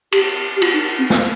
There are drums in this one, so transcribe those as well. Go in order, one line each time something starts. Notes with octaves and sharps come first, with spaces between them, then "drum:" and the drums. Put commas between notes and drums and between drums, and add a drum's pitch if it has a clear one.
G4, drum: cymbal
G4
F4, drum: cymbal
D#4
C4
B3, drum: snare